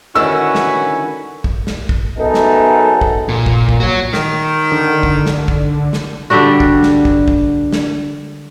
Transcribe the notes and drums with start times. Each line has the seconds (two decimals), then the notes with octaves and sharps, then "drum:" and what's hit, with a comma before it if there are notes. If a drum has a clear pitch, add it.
0.15 D3 D#3 C#4 E4 F#4 B4 E6
0.55 drum: snare
1.44 drum: kick
1.67 drum: snare
1.89 drum: kick
2.19 F#2 B3 D#4 G#4 A4
2.34 drum: snare
3.01 drum: kick
3.29 A#2
3.46 drum: kick
3.69 drum: kick
3.80 F#4 C#5
4.14 D#3, drum: snare
4.72 D3
5.03 drum: kick
5.26 drum: snare
5.48 drum: kick
5.93 drum: snare
6.30 D3 G3 D4 F#4
6.60 drum: kick
6.83 drum: snare
7.05 drum: kick
7.28 drum: kick
7.72 drum: snare